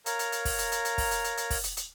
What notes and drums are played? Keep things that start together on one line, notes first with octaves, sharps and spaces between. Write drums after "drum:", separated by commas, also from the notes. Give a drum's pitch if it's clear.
A#4 C#5 F5 A#5, drum: hi-hat
drum: hi-hat
drum: hi-hat
drum: kick, open hi-hat
drum: hi-hat
drum: hi-hat
drum: hi-hat
drum: kick, open hi-hat
drum: hi-hat
drum: hi-hat
drum: hi-hat
drum: kick, open hi-hat
drum: hi-hat
drum: hi-hat